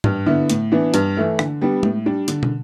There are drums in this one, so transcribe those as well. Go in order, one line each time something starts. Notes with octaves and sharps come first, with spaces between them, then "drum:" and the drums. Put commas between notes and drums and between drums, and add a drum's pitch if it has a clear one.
G2, drum: tom G#2
D3 B3 E4
A2, drum: hi-hat
E3 B3 D4
G2, drum: hi-hat
E3 A3 E4
D3, drum: rim click
G3 B3 D4
A2, drum: tom G#3
G3 D4
D3, drum: hi-hat
drum: tom